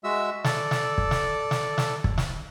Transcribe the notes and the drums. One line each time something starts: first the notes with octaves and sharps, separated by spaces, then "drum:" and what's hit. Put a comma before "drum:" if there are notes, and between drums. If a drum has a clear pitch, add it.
G#3 F#4 E5 E6
A4 D5, drum: snare
drum: snare
drum: kick
drum: snare
drum: snare
drum: snare
drum: kick
drum: snare